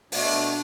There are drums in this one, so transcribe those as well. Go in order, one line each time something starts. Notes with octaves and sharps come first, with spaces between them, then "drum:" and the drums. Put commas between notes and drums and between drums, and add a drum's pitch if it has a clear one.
B2 A3 D4, drum: open hi-hat